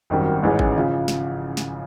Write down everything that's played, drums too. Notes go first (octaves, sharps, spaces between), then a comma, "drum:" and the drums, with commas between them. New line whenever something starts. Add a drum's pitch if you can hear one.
G#1 F#2 D#3 G3 C4
A1 G#2 E3 G#3 C#4
drum: kick G#1
C#3 F3
drum: snare
drum: snare